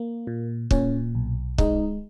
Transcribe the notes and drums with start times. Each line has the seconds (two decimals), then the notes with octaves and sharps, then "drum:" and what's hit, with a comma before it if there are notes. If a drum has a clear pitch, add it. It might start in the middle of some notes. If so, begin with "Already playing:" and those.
Already playing: A#3
0.27 A#2
0.71 A#2 C#4, drum: kick
1.15 B1
1.58 G#3 D#4, drum: kick